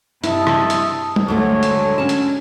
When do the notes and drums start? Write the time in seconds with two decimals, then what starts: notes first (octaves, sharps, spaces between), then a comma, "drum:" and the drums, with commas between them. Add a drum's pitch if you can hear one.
0.24 G2 C3 E4 D#5 E5 A5, drum: hi-hat
0.47 drum: rim click
0.70 drum: hi-hat
1.16 drum: tom
1.28 D2 D3 F#3 G#3 A3 A4 C#5
1.63 drum: hi-hat
1.98 C#4 A5
2.09 drum: hi-hat